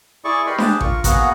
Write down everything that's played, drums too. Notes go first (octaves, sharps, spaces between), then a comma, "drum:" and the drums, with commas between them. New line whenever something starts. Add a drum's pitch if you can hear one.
E4 G#4 D5 C#6
G4 A#4 B4 D#5 B5 C6
D4 G4 G#4 A5, drum: snare D4
F4 A#4 C#6, drum: kick A1
A#3 B3 F#4 G#4 F#5 A#5, drum: kick A1, hi-hat